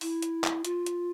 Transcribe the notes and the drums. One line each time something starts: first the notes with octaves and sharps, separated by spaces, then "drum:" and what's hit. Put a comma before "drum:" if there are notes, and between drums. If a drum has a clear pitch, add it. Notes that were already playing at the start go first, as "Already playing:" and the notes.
E4, drum: open hi-hat
drum: hi-hat
drum: clap
F4, drum: hi-hat
drum: hi-hat